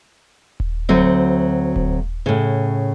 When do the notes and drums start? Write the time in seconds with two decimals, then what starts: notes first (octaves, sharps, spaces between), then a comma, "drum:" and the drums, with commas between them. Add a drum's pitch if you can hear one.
0.60 drum: kick D#1
0.89 D2 F#3 C4
1.76 drum: kick D#1
2.26 A2 C#3